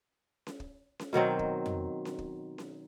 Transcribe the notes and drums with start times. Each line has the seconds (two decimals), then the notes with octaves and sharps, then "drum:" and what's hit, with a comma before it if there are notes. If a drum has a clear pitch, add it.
0.47 drum: snare C#4
0.60 drum: kick
0.99 drum: snare C#4
1.13 B2 D#3 F#3 C4
1.39 drum: kick
1.66 drum: tom F2
2.05 drum: snare C#4
2.19 drum: kick
2.58 drum: snare C#4